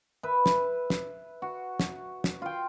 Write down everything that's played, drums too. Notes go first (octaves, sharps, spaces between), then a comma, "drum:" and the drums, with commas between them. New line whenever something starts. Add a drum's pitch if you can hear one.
B4 E5
drum: snare
drum: snare
F#4
drum: snare
drum: snare
F4 G5